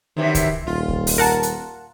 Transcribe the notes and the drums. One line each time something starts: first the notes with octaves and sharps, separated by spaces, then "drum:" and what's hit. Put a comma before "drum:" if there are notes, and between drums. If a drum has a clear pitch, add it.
F#2 C3 D#3 E3
drum: kick C2, hi-hat
D#1 F4
drum: kick C2
drum: open hi-hat
A#4 F#5 A5
drum: hi-hat